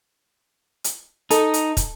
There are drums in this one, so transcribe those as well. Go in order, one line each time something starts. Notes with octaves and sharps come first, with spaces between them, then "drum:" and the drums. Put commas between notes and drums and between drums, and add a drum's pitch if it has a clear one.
drum: hi-hat
D#4 A4, drum: hi-hat
drum: hi-hat
drum: kick, hi-hat